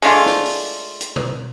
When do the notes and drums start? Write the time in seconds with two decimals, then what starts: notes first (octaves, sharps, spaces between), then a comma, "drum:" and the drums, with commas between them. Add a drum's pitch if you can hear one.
0.02 G#3 A3 D4 F4, drum: open hi-hat
0.26 drum: snare
0.45 drum: open hi-hat
1.01 drum: hi-hat
1.16 drum: tom B2